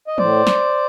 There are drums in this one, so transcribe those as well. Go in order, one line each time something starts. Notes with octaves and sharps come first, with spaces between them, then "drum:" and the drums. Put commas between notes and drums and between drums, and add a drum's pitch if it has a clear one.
D#5
A2 C5 D5, drum: tom E3
drum: snare